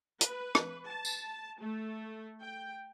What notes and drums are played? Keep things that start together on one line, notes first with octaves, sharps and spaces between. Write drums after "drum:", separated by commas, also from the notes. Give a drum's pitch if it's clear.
B4, drum: hi-hat
drum: rim click
A5
drum: tambourine
A3
G5